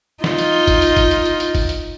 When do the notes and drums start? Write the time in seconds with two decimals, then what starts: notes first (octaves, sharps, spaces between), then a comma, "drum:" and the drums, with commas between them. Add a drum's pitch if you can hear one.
0.24 D#4 F4, drum: snare
0.38 drum: hi-hat
0.67 drum: kick F#1, hi-hat
0.82 drum: hi-hat
0.97 drum: kick F#1, hi-hat
1.11 drum: hi-hat
1.26 drum: hi-hat
1.40 drum: hi-hat
1.55 drum: kick F#1, open hi-hat
1.69 drum: hi-hat